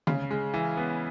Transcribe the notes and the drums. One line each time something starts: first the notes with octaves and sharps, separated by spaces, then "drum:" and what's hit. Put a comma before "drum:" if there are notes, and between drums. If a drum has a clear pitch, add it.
C#3, drum: tom D3
G#3
E3
B3